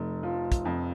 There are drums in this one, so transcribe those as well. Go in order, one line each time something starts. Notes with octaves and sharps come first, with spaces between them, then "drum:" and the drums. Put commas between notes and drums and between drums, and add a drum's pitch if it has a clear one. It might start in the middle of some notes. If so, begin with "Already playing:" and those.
Already playing: F1 A3
F3
drum: kick, hi-hat
F2